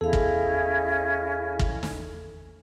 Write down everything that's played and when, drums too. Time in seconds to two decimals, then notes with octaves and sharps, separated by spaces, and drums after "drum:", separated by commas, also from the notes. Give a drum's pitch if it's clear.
0.01 E2 C#4 E4 G#4 A4 D#5 F5
0.13 drum: kick
1.59 drum: kick
1.83 drum: snare